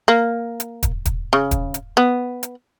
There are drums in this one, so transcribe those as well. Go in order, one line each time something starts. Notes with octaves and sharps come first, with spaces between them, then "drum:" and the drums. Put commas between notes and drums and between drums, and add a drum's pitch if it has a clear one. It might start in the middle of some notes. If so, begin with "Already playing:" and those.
A#3
drum: hi-hat
drum: kick, hi-hat
drum: kick, hi-hat
C#3
drum: kick, hi-hat
drum: hi-hat
B3
drum: hi-hat